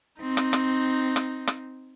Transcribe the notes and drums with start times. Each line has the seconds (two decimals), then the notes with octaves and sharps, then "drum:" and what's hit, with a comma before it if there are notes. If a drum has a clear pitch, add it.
0.21 C4 D#4
0.37 drum: rim click
0.53 drum: rim click
1.16 drum: rim click
1.47 drum: rim click